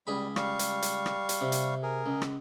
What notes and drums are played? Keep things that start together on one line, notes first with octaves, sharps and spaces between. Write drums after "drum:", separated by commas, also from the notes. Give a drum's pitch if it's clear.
C#2 G3 G#4 B5
G3 F5 C#6, drum: rim click
drum: hi-hat
drum: hi-hat
drum: rim click
drum: hi-hat
C3
drum: hi-hat
G#4 A#4
C#2
drum: rim click